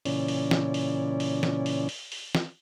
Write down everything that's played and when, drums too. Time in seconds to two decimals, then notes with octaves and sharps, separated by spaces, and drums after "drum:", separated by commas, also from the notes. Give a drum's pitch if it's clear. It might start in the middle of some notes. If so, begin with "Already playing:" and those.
0.05 A#2 C#3 E3 C#4 D5, drum: open hi-hat
0.28 drum: open hi-hat
0.51 drum: snare
0.74 drum: open hi-hat
1.20 drum: open hi-hat
1.43 drum: snare
1.66 drum: open hi-hat
1.89 drum: open hi-hat
2.12 drum: open hi-hat
2.35 drum: snare